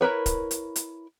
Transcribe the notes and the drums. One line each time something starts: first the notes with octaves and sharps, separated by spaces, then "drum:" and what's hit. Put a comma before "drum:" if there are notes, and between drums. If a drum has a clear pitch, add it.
E4 A#4 B4 C#5
drum: kick, hi-hat
drum: hi-hat
drum: hi-hat